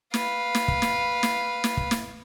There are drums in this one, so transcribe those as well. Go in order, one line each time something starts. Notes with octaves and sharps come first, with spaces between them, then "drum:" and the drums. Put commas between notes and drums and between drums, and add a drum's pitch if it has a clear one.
B4 F5, drum: snare
drum: snare
drum: kick
drum: snare
drum: snare
drum: snare
drum: kick
drum: snare